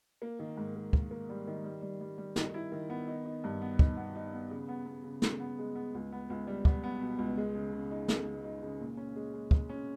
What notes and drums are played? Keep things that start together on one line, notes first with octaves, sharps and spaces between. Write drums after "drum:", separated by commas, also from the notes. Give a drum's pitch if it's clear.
A#3
D#3
G#2
A#3
A#3, drum: kick
A#3
G3
D#3
G3
G3
G3
G3
D#3, drum: snare
E4
D#3
B3
D#4
D#4
G2
B3
D#4, drum: kick
B3
D#4
B3
C#3
B3
B3
C#3
C#3, drum: snare
B3
G#3
B3
C#2
B3
C#2
G3
B3, drum: kick
B3
B2
C#2
G#3
C#3
C#3
D#4
C#3, drum: snare
C#3
D#4
C#3
A#2
C#4
G#3
G#3
G#3, drum: kick
C#4